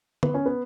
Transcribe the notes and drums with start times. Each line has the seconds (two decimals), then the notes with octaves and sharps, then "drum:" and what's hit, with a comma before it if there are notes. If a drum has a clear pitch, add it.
0.23 B3, drum: tom D3
0.34 C#4
0.46 B3